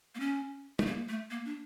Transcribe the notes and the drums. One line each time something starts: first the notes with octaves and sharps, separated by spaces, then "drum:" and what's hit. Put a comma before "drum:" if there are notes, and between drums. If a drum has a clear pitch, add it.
A#3
C#4
A3, drum: tom
A#3
A3
A#3
D4